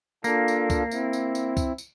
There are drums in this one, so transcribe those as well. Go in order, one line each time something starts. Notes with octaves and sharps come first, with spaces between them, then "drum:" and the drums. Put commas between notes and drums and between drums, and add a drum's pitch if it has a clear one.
A#3 D4 F4 A4, drum: tambourine
drum: tambourine
drum: kick C2, tambourine
C4 E4, drum: tambourine
drum: tambourine
drum: tambourine
drum: kick C2, tambourine
drum: tambourine